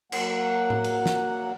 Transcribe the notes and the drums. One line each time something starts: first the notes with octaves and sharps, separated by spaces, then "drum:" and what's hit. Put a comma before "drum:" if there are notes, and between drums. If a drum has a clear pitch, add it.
F#3 A#3 F#5, drum: cymbal
drum: tom A2
drum: cymbal
drum: snare